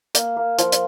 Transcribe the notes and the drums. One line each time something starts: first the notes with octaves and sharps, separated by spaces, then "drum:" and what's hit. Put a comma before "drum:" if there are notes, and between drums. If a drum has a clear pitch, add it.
A#3, drum: hi-hat
A#3
F3, drum: hi-hat
drum: hi-hat